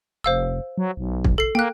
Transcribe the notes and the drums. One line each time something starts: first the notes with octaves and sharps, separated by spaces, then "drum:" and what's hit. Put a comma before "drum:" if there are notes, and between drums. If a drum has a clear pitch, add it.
F1 C5 F5 E6
F#3
B1
drum: kick
A4 C7
A#3 G5 F#6